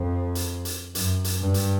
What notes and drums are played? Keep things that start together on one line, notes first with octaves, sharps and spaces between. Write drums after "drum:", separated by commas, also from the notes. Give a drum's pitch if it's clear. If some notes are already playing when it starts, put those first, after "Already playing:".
Already playing: F2
drum: hi-hat
drum: hi-hat
F#2, drum: hi-hat
drum: hi-hat
G2
drum: hi-hat